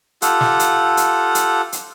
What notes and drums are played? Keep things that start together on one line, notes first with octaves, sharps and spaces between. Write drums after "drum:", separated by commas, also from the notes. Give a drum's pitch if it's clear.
F4 G4 A4 F#5, drum: hi-hat
drum: snare
drum: hi-hat
drum: hi-hat
drum: hi-hat
drum: hi-hat